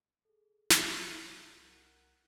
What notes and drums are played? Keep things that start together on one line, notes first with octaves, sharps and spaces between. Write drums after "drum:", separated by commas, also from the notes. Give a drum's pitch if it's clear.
G#4 A4
drum: snare
C2 A#4 F#5